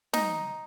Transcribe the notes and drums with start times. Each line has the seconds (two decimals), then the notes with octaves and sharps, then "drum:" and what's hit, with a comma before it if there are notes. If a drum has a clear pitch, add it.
0.13 D#4, drum: snare